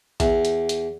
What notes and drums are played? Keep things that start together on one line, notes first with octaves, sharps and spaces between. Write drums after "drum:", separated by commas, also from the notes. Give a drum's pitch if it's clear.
E2, drum: kick A#1, hi-hat
drum: hi-hat
drum: hi-hat